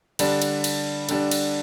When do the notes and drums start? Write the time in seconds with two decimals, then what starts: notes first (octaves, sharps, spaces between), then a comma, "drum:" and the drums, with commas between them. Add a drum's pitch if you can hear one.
0.19 D3 G3 D4, drum: cymbal
0.42 drum: cymbal
0.64 drum: cymbal
1.09 D3 G3 D4, drum: cymbal
1.31 drum: cymbal